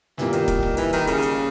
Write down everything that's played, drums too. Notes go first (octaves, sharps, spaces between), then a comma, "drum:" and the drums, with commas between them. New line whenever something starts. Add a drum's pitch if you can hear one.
A#2 E3 G3 A#3, drum: snare
D#3, drum: hi-hat
drum: kick, hi-hat
drum: kick
E3, drum: hi-hat
D#3, drum: hi-hat
C#3, drum: hi-hat
drum: hi-hat